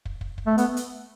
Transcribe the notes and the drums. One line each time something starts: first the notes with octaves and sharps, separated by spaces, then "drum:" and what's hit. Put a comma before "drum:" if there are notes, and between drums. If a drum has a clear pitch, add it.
drum: kick
drum: kick
drum: kick
A3
B3, drum: hi-hat
drum: hi-hat